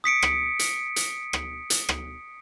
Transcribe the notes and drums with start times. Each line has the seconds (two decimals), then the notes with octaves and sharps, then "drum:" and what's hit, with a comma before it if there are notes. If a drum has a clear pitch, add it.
0.04 D#6 B6 C#7 D7
0.22 drum: rim click
0.59 drum: hi-hat
0.96 drum: hi-hat
1.33 drum: rim click
1.70 drum: hi-hat
1.89 drum: rim click